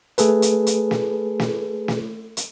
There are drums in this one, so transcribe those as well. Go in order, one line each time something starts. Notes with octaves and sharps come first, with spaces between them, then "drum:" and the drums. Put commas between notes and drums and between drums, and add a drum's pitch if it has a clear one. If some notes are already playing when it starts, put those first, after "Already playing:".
A3 G#4 A4 B4, drum: hi-hat
drum: hi-hat
drum: hi-hat
drum: snare
drum: snare
drum: snare
drum: hi-hat